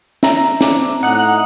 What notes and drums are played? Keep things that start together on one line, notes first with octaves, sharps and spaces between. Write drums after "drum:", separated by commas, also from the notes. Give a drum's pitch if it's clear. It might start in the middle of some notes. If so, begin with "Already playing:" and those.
E5 A#5, drum: snare
C4 D4, drum: snare
A2 D#4 F#5 F#6